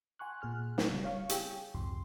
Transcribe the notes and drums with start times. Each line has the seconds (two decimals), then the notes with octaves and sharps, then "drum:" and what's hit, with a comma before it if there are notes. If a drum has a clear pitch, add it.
0.19 F#5 G#5 C6 C#6 F#6
0.41 A#2 G#4 F6 F#6
0.78 drum: snare
0.91 C#3 G3
1.04 C#5 F5 C#6
1.29 G4 G#4 G5, drum: hi-hat
1.75 C2 F2 G#2 C6